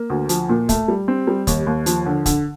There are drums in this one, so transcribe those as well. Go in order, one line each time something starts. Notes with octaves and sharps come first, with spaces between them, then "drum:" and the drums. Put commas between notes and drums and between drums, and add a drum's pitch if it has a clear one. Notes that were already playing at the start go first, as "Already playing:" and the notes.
Already playing: A#3
D2
F3, drum: hi-hat
A#2
A3, drum: kick, hi-hat
G3
C4
G3
D#2, drum: kick, hi-hat
D#2
F3, drum: hi-hat
D3
D3, drum: kick, hi-hat